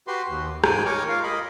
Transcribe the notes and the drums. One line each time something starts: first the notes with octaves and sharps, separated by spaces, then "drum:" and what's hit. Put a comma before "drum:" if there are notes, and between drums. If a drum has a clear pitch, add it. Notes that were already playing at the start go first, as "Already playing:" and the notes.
F#4 G4 B4 C6
D#2
G#2 G5 G#5, drum: rim click
A#4 C#5 C#6 D6
F4 A#4 F5
D#5 B5